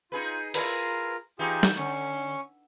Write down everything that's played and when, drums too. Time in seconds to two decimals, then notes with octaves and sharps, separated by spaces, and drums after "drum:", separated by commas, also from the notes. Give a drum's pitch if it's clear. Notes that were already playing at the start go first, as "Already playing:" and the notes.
0.12 D#4 F4 G#4 B4
0.54 E4 F4 G#4 A#4 B4 A#5, drum: open hi-hat
1.39 E3 D#4 F4 G4 G#4
1.63 drum: snare
1.77 D3 C#4 C#6, drum: hi-hat